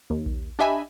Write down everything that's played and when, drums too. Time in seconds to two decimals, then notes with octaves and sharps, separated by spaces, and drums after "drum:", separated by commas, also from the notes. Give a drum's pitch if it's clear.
0.10 D#2
0.26 drum: kick A#1
0.59 D4 G4 D#5 E5 G#5 B5